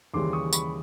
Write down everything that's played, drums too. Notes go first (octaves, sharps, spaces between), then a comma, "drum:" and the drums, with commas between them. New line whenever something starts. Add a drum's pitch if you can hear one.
D#2 C#3 E3 G3 C6 D6
C#6 D#6
B5 C#6, drum: tambourine